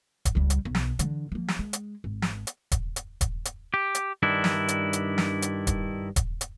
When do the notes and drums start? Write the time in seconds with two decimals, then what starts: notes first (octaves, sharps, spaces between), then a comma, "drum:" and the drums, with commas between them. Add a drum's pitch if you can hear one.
0.25 drum: kick D#1, hi-hat
0.35 C#2 G3
0.50 drum: hi-hat
0.65 B1
0.75 drum: snare
0.99 D3 E3, drum: hi-hat
1.32 F3 A#3
1.48 drum: snare
1.59 G#3
1.73 drum: hi-hat
2.04 G#1
2.22 drum: snare
2.47 drum: hi-hat
2.72 drum: kick D#1, hi-hat
2.96 drum: hi-hat
3.21 drum: kick D#1, hi-hat
3.45 drum: hi-hat
3.74 G4
3.95 drum: hi-hat
4.23 G2 D#3 D4 E4
4.44 drum: snare
4.68 drum: hi-hat
4.93 drum: hi-hat
5.18 drum: snare
5.42 drum: hi-hat
5.67 drum: kick D#1, hi-hat
6.16 drum: kick D#1, hi-hat
6.41 drum: hi-hat